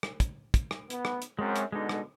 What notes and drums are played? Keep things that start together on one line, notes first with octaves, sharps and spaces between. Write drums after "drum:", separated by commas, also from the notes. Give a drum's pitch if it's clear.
drum: rim click
drum: kick, hi-hat
drum: kick, hi-hat
drum: rim click
B3, drum: hi-hat
drum: rim click
drum: hi-hat
F#2 G#3 C4
drum: hi-hat
B2 D3 G#3 D#4
drum: rim click